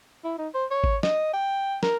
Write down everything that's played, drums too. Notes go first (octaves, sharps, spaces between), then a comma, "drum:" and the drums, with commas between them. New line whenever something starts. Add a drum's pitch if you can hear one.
E4
D#4
C5
C#5
drum: kick G#1
D#5, drum: snare
G5
A#4, drum: snare